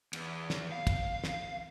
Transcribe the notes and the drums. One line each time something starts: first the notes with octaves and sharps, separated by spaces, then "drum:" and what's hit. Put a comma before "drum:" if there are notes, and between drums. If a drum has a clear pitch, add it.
E2, drum: cymbal
drum: snare
F5
drum: kick, cymbal
drum: snare